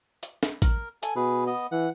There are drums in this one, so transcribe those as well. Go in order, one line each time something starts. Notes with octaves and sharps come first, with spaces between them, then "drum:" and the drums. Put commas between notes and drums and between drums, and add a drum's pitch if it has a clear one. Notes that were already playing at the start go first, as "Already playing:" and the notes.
drum: hi-hat
drum: snare
A#4, drum: kick, hi-hat
A4 G#5, drum: hi-hat
B2 G#4 B4
B3 D#5
E3 F#5